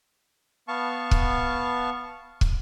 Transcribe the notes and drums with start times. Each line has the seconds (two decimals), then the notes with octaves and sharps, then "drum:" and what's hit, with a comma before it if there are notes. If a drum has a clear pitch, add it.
0.68 B3 F5 A5 C#6
1.11 drum: kick
2.41 drum: kick